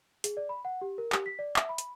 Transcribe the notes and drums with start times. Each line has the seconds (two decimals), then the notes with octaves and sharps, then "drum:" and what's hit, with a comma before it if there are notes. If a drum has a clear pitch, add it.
0.24 G#4, drum: hi-hat
0.37 D5
0.49 B5
0.65 F#5
0.82 G4
0.98 A#4
1.12 G4, drum: clap
1.26 B6
1.39 D5
1.56 E5, drum: clap
1.69 B5
1.78 drum: hi-hat